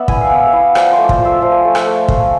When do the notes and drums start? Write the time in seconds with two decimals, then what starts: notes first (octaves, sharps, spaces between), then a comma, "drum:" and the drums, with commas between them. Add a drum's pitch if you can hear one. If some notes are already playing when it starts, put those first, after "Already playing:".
Already playing: B3 D5 E5
0.08 E4 G#5, drum: kick
0.21 F5
0.31 B3 E5
0.47 F5
0.53 E4
0.75 F3 D5, drum: rim click
0.93 C5
0.98 A3
1.04 D5
1.09 C5, drum: kick
1.20 F4 E5
1.42 F3 F5
1.51 G#5
1.62 A3 F5
1.75 E5, drum: rim click
1.86 A3
2.08 A3 F5, drum: kick
2.18 G#5